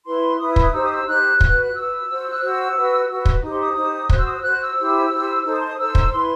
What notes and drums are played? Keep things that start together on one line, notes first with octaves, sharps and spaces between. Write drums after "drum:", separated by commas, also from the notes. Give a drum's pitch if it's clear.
E4 B4 C6
E4 B4 D#6
drum: kick
D#4 G4 C5 E6
D#6
E6
D#4 G4 C5 F#6
F#4 B4, drum: kick
F#6
F#4 B4 E6
F#4 C5
F#6
F#4 C5 E6
F#4 B4
F#4 B4
drum: kick
D#4 G4 C5 D#6
C6
D#6
D#4 G4 C5
F#4 C5 F#6, drum: kick
E6
D#6
E6
F#4 C5 F#6
F#6
E6
E4 G4 C5
E4 G4 C5
D#4 A4 C5 E6
D#6
C6
D#6
D#4 A4 C5 E6
drum: kick
E4 B4 C6